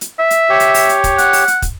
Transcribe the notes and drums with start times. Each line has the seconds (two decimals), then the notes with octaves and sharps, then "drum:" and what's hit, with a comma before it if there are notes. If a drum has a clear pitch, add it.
0.01 drum: hi-hat
0.19 E5
0.30 drum: hi-hat
0.49 G4 C#5
0.60 drum: hi-hat
0.74 drum: open hi-hat
0.89 drum: hi-hat
1.04 drum: kick, hi-hat
1.18 F#5, drum: hi-hat
1.33 drum: open hi-hat
1.48 drum: hi-hat
1.62 drum: kick, hi-hat